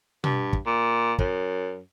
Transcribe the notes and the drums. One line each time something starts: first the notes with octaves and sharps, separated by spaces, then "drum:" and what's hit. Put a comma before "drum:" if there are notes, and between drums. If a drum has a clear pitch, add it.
G2, drum: tom B2
drum: kick
A#2
F#2, drum: kick